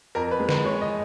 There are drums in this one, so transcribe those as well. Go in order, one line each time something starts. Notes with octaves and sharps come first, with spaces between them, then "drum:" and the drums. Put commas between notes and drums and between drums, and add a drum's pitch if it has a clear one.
F2 A#4
B4
G#3
B4, drum: snare
G#3 C#5
D#5